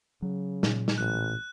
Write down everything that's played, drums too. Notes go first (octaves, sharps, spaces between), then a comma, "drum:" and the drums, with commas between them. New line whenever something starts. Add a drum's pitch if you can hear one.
C#3 F#3
A#2, drum: snare
drum: snare
A1 F#6